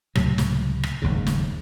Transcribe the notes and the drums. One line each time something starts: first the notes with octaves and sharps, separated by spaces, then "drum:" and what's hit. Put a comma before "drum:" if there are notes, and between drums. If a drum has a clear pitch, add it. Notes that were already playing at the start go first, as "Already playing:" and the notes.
C#2 A2 C3 F#3, drum: rim click
drum: snare
drum: rim click
F#1 D#2 G#2 C#3
drum: snare